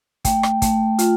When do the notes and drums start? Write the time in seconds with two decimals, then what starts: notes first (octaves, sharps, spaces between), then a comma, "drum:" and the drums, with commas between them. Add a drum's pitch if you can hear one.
0.25 A3 G5, drum: kick, hi-hat
0.43 drum: rim click
0.62 A3, drum: kick, hi-hat
0.99 F4, drum: hi-hat